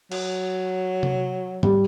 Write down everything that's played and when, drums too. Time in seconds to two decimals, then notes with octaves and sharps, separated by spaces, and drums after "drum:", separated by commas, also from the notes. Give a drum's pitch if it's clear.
0.12 F#3, drum: cymbal
1.03 drum: tom C3
1.63 G3, drum: tom G#2